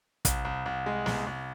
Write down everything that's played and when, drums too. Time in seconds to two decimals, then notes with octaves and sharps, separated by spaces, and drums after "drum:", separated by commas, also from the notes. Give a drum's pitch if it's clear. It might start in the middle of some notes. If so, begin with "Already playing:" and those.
0.25 C2, drum: kick, hi-hat
0.45 C2
0.66 C2
0.86 G#3
1.06 C2, drum: snare
1.27 C2